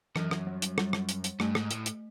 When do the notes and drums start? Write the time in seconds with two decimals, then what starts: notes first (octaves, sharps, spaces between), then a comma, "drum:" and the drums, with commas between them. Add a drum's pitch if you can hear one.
0.16 F#2 E3, drum: rim click
0.31 drum: rim click
0.47 G3
0.62 drum: hi-hat
0.78 G3, drum: rim click
0.93 drum: rim click
1.09 drum: hi-hat
1.24 drum: hi-hat
1.40 G2 A3, drum: rim click
1.55 G#2, drum: rim click
1.71 A2, drum: hi-hat
1.86 drum: hi-hat